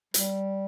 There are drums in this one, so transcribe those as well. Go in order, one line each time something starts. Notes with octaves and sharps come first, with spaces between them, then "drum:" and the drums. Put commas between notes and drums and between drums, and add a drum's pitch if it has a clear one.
G3, drum: hi-hat